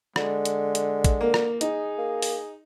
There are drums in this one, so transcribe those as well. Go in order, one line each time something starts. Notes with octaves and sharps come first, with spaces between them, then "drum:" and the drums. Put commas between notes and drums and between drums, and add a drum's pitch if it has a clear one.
D3 G#3, drum: rim click
drum: hi-hat
drum: hi-hat
drum: kick, hi-hat
A#3
drum: rim click
D#4 G#4, drum: hi-hat
A#3
drum: open hi-hat